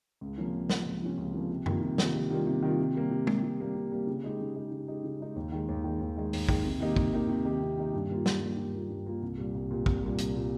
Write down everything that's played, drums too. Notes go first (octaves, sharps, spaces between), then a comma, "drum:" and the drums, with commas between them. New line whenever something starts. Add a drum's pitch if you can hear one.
C#2
C3 F3 A#3 C#4
C#2
C3 F3 A#3 C#4, drum: snare
C#2
C3 F3 A#3 C#4
C#2
C3 F3 A#3 C#4
C3
D#3 G3 A#3 F4, drum: tom F#2
C3
D#3 G3 A#3 F4, drum: snare
C3
D#3 G3 A#3 F4
C3
D#3 G3 A#3 F4
C3
G3 A#3
C3
G3 A#3, drum: tom
C3
G3 A#3
C3
G3 A#3
C#3
G#3 D#4 G4
C#3
G#3 D#4 G4
C#3
G#3 D#4 G4
C#3
G#3 D#4 G4
D#2
D#3 G#3
D#2
D#3 G#3
D#2
D#3 G#3
D#2, drum: open hi-hat
D#3 G#3, drum: kick
C3
D#3 A#3 D#4 G4
C3, drum: kick
D#3 A#3 D#4 G4
C3
D#3 A#3 D#4 G4
C3
D#3 A#3 D#4 G4
G2
G3 A#3 F4
G2, drum: snare
G3 A#3 F4
G2
G3 A#3 F4
G2
G3 A#3 F4
C2
A#2 G3
C2
A#2 G3
C2, drum: kick
A#2 G3
C2, drum: hi-hat
A#2 G3